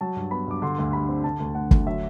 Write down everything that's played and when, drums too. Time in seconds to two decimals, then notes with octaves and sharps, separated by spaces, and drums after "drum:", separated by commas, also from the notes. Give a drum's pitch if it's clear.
0.01 F#3 A5
0.16 G2
0.31 B3 B5
0.48 G2 D6
0.62 D3 C6
0.79 D2
0.93 G3 B5
1.08 C4
1.24 D3 A5
1.40 D2
1.55 A3 F#5
1.71 D2, drum: kick
1.86 F#3 E5